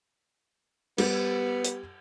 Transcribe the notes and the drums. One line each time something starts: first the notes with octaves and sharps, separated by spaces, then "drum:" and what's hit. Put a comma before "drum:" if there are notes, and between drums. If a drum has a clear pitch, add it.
G3 B3 G4, drum: cymbal
drum: hi-hat